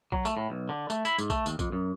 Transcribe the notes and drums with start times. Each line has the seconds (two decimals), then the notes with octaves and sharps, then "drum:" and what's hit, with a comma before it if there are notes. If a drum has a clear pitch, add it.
0.12 F#3, drum: kick B1
0.25 A3, drum: tambourine
0.37 A2
0.50 B1
0.69 D3
0.90 A3, drum: tambourine
1.05 E4, drum: tambourine
1.19 G#2, drum: tambourine
1.30 A3, drum: kick B1, tambourine
1.46 D#2, drum: tambourine
1.59 F2, drum: kick B1, tambourine
1.72 F#2